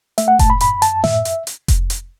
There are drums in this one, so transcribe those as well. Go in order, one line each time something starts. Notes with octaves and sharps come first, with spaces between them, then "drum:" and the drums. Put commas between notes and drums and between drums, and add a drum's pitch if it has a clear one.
A3 E5, drum: hi-hat
F#5
A2 A5, drum: kick F1, hi-hat
B5
F#2 B5, drum: hi-hat
F#2 A5, drum: hi-hat
A2 E5, drum: snare
drum: hi-hat
drum: hi-hat
drum: kick F1, hi-hat
drum: hi-hat